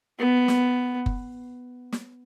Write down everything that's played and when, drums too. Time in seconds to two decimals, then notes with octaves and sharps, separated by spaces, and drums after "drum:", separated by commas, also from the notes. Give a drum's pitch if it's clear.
0.19 B3
0.48 drum: snare
1.06 drum: kick F#1
1.92 drum: snare